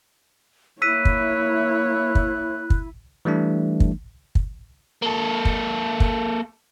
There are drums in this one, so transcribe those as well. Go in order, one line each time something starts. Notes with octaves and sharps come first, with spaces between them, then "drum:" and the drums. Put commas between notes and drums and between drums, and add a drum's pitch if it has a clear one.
A#3 E4 C#5 E6 F#6 B6 D#7
drum: kick
drum: kick
drum: kick
E3 G3 A3 D4
drum: kick
drum: kick
A#3 A4
drum: kick
drum: kick